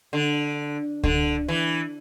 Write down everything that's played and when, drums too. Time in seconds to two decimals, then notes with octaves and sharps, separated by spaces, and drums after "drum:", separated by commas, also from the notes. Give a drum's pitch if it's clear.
0.13 D3
1.04 D3, drum: kick C#2
1.48 E3